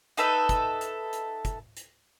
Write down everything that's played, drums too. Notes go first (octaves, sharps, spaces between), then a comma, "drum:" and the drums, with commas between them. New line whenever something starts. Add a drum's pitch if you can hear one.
D#4 A4 B4 E5, drum: hi-hat
drum: kick, hi-hat
drum: hi-hat
drum: hi-hat
drum: kick, hi-hat
drum: hi-hat